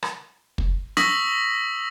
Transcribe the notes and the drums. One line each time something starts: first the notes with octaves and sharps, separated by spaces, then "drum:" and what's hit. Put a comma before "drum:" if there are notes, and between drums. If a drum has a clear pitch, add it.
drum: rim click
drum: kick
C#6 D#6 E6 A#6 B6 F#7, drum: snare